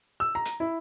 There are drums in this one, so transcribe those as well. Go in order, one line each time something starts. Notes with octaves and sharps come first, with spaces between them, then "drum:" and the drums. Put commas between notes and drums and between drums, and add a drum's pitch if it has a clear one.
E6
A#5
drum: hi-hat
E4